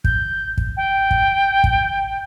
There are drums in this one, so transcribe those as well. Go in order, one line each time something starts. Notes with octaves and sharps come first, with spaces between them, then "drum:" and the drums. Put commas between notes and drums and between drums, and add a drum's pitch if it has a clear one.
G6, drum: kick
drum: kick
G5
drum: kick
drum: kick